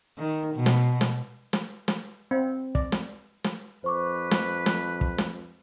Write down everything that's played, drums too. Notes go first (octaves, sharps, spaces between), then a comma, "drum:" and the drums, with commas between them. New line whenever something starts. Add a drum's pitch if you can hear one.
D#3
B2
drum: snare
drum: snare
drum: snare
drum: snare
C4
D5, drum: kick
drum: snare
drum: snare
F2 B4 C5 C#6 D6
drum: snare
drum: snare
drum: kick
drum: snare